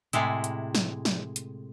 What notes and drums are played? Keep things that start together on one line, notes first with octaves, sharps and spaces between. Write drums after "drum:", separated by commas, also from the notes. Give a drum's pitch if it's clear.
A2 C3 G#3 E4, drum: hi-hat
drum: hi-hat
drum: snare
drum: snare
drum: hi-hat